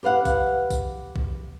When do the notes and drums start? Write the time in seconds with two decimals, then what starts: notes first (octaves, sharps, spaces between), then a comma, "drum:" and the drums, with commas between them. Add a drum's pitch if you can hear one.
0.03 G4 B4 F5 F#5
0.25 drum: kick, tambourine
0.71 drum: kick, tambourine
1.16 drum: kick